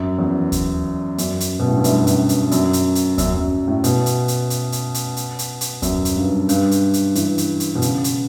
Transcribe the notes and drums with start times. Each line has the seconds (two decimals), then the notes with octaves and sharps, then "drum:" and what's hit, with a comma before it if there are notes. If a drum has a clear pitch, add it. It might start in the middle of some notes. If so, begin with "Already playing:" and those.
Already playing: F#2
0.19 E2
0.52 drum: kick D#2, hi-hat
1.18 F#2, drum: hi-hat
1.40 drum: hi-hat
1.59 B2
1.68 A2
1.76 G2
1.84 F#2, drum: hi-hat
2.07 drum: hi-hat
2.29 drum: hi-hat
2.51 F#2, drum: hi-hat
2.73 drum: hi-hat
2.95 drum: hi-hat
3.18 F#2, drum: kick D#2, hi-hat
3.33 F#2
3.67 A2
3.84 B2, drum: hi-hat
4.06 drum: hi-hat
4.28 drum: hi-hat
4.50 drum: hi-hat
4.72 drum: hi-hat
4.94 drum: hi-hat
5.17 drum: hi-hat
5.39 drum: hi-hat
5.61 drum: hi-hat
5.82 F#2, drum: kick D#2, hi-hat
6.05 drum: hi-hat
6.16 G2
6.49 G2, drum: hi-hat
6.71 drum: hi-hat
6.94 drum: hi-hat
7.15 E3, drum: hi-hat
7.38 drum: hi-hat
7.60 drum: hi-hat
7.75 B2
7.82 C#3, drum: hi-hat
8.04 drum: hi-hat